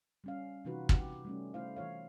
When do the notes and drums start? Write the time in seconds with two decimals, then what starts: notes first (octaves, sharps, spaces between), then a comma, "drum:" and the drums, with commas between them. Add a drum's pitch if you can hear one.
0.24 G3 C#4 F5
0.65 C3 E3 D#4 F4 F#4 B4
0.89 G4 F#5, drum: kick
1.25 G3 A3 C#4
1.54 A3 E4 C5 F5
1.76 E3 F4 C#5 F5